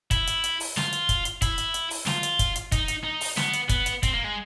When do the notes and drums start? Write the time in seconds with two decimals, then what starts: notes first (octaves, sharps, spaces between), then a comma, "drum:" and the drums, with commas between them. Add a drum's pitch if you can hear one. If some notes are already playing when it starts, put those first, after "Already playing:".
0.11 E4, drum: kick, hi-hat
0.27 drum: hi-hat
0.44 drum: hi-hat
0.60 drum: open hi-hat
0.77 F4, drum: snare
0.93 drum: hi-hat
1.09 drum: kick, hi-hat
1.25 drum: hi-hat
1.42 E4, drum: kick, hi-hat
1.58 drum: hi-hat
1.74 drum: hi-hat
1.90 drum: open hi-hat
2.07 F4, drum: snare
2.23 drum: hi-hat
2.39 drum: kick, hi-hat
2.56 drum: hi-hat
2.72 D#4, drum: kick, hi-hat
2.88 drum: hi-hat
3.04 D#4
3.21 drum: open hi-hat
3.37 B3, drum: snare
3.53 drum: hi-hat
3.69 B3, drum: kick, hi-hat
3.86 drum: hi-hat
4.03 C4, drum: kick, hi-hat
4.13 A#3
4.24 G#3